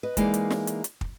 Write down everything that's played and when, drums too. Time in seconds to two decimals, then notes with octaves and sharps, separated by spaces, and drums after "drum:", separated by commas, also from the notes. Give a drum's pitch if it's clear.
0.03 B4 D#5
0.17 E3 G#3 A#3 D#4 D5 F5, drum: kick, hi-hat
0.34 drum: hi-hat
0.50 drum: snare
0.67 drum: hi-hat
0.84 drum: hi-hat
1.01 drum: kick